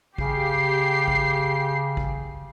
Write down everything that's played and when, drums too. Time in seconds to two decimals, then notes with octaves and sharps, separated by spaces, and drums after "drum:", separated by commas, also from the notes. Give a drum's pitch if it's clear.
0.18 C#3 G4 C7, drum: kick
1.08 drum: kick
1.97 drum: kick